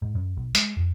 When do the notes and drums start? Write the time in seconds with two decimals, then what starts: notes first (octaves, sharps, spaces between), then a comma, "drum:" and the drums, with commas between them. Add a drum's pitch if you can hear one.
0.02 G#2
0.15 F#2
0.37 B1
0.55 G#3, drum: hi-hat
0.77 F2